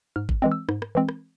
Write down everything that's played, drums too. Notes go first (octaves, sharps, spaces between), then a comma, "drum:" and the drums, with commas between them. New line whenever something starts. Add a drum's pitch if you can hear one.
G#2 F6
drum: kick G#1
E3 G#3 C4
E6
G#2, drum: rim click
drum: rim click
E3 G#3 C4
drum: rim click